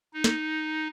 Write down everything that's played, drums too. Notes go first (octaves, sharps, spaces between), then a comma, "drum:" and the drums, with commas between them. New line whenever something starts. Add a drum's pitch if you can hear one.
D#4
drum: snare